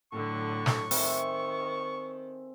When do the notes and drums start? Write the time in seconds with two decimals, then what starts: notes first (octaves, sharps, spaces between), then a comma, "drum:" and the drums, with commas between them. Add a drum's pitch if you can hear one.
0.12 A2 D3 F#3 A4 C#6
0.66 drum: snare
0.91 D#3 C4 E5 G#5, drum: open hi-hat